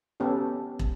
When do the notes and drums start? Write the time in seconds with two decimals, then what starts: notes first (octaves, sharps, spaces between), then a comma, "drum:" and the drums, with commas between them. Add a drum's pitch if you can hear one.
0.20 B3 C#4 G4 A4
0.79 drum: kick